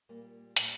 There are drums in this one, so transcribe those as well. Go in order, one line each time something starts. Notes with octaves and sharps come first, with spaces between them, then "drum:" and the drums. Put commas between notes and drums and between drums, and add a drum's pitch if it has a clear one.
A#2 G3 A#3
A#2 G3 C4, drum: hi-hat